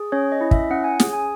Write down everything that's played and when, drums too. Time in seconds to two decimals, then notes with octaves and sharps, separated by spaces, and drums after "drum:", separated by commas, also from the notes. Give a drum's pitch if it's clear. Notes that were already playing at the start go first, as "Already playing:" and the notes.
Already playing: G#4
0.12 C#4 C#5
0.32 D#5
0.41 E4
0.51 E5, drum: kick
0.70 C#4 F#5
0.84 G#5
1.00 G#4, drum: snare
1.13 G#5